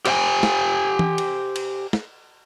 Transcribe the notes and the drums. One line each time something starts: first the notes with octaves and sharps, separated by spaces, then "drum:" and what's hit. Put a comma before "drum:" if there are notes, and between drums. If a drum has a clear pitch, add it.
G4 C5 F5 G5 G#5, drum: cymbal
drum: snare
drum: tom E3
drum: cymbal
drum: cymbal
drum: snare